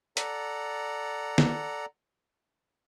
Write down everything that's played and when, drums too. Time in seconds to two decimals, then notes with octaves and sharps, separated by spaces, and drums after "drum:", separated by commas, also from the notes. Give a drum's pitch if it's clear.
0.17 A4 D5 F#5 A#5, drum: hi-hat
1.38 drum: snare